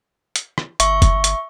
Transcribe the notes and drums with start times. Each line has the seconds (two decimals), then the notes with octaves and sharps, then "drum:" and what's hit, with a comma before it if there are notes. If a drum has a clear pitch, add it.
0.36 drum: hi-hat
0.58 drum: rim click
0.80 G1 E5 C#6, drum: hi-hat
1.02 drum: kick, hi-hat
1.24 drum: hi-hat